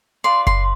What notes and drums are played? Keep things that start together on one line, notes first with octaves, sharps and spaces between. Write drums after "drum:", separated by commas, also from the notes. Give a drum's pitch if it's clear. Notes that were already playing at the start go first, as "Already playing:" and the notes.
F4 B4 D5 C6
C6, drum: kick F#1